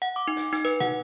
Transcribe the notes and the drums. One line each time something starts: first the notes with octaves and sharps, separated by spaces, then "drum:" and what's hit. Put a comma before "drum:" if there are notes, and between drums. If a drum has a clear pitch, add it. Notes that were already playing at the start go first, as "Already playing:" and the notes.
F#5
D6
D#4
drum: hi-hat
D#4, drum: hi-hat
B4, drum: hi-hat
F#5, drum: tom